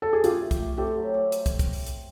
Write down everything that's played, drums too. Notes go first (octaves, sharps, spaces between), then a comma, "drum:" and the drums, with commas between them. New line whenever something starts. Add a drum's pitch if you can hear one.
A4
G#4
A3 F4 G4, drum: hi-hat
A3
drum: kick, hi-hat
A3
C4 G4 A4
F#3
A3
drum: hi-hat
drum: kick, hi-hat
drum: kick, hi-hat
drum: open hi-hat
drum: hi-hat